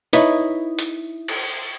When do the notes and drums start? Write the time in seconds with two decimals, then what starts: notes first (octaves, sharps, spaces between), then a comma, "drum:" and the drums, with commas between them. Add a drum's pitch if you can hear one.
0.13 D#4 E4 B4 C#5, drum: hi-hat
0.79 drum: hi-hat
1.28 drum: cymbal